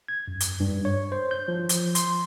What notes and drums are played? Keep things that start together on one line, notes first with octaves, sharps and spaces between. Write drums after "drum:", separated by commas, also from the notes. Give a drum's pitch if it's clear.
G#6
F#2
drum: hi-hat
G2
C#5
C5
G6
F3
drum: hi-hat
C6, drum: hi-hat